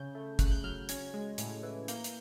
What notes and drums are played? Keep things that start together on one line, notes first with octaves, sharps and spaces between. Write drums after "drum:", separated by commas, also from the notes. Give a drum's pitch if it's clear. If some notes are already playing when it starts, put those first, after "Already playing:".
Already playing: C#3 G6
A3
C#3 F#6, drum: kick, hi-hat
G6
F#3 F6
C#4 G#6, drum: hi-hat
G#3
A2, drum: hi-hat
E3
A#3 G6, drum: hi-hat
drum: hi-hat